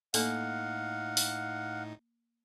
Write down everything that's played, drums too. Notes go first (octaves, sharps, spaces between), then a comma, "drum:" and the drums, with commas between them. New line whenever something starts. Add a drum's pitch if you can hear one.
A2 A#3 D#4 A4 F5 F#5, drum: open hi-hat
drum: open hi-hat